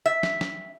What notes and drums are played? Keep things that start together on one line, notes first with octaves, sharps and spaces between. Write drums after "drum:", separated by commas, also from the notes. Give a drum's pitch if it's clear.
E5
drum: snare
drum: snare